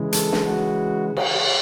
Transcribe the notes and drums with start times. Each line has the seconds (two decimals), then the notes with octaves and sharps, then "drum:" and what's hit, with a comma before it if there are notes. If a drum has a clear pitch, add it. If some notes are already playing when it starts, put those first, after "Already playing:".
Already playing: C#3 E3 G#3
0.12 A4, drum: hi-hat
0.32 drum: snare
0.45 F#4
1.17 drum: cymbal